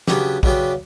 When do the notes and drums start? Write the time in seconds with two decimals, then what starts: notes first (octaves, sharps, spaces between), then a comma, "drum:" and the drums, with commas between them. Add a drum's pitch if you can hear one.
0.08 C#3 F#3 B3 D4 G4, drum: snare
0.43 C#3 F#3 B3 D4 G4, drum: kick A#1